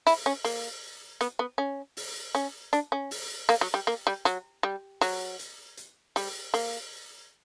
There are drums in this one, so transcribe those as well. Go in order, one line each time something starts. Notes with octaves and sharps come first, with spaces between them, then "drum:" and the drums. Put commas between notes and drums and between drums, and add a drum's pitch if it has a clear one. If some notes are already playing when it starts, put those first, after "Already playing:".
E4, drum: open hi-hat
C#4
A#3, drum: open hi-hat
B3, drum: hi-hat
B3
C#4
drum: open hi-hat
C#4, drum: hi-hat
D4, drum: hi-hat
C#4
drum: open hi-hat
A#3, drum: open hi-hat
F#3
G3
A#3
G3
F#3, drum: hi-hat
G3
F#3, drum: open hi-hat
drum: hi-hat
drum: hi-hat
G3, drum: open hi-hat
A#3, drum: open hi-hat